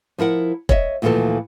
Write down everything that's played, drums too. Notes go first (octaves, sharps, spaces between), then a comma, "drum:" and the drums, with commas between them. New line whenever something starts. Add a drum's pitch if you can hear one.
F3 E4 A#4 F#5
C#5 D#5 E5, drum: kick
D2 A#2 E3 F3 A4 A5